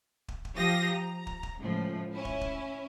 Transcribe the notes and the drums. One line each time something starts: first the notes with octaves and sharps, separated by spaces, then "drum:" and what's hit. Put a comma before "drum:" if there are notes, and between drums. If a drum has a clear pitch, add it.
drum: kick
drum: kick
F3 G4 F5 D#6 A#6
A#5
drum: kick
drum: kick
C#2 A2 F3
C#4 E4
drum: kick
drum: kick